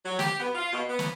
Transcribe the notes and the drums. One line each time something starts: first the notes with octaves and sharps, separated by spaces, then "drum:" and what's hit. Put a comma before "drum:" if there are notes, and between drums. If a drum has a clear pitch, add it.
F#3
G4, drum: snare
B3
F4
B2
B3
drum: snare